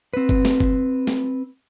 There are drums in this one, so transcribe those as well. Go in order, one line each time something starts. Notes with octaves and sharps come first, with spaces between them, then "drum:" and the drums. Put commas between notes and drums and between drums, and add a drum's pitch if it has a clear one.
C4 B4
drum: kick F#1
drum: snare
drum: kick F#1
drum: snare